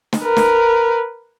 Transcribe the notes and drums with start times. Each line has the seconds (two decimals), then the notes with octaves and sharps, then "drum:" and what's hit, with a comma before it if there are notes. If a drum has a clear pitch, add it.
0.13 drum: snare
0.23 A#4 B4
0.36 drum: snare